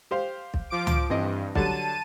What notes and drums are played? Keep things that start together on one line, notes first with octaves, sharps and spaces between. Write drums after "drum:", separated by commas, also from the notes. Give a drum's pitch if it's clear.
G4 C5 F5
drum: kick
F3 D6 D7
drum: tom C#2
G2 E3 C4 D#5
D3 F#3 G3 A5 D#7, drum: kick